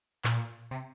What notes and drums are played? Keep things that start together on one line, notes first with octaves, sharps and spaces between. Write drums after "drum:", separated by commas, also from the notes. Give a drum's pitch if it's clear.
A#2, drum: clap
C3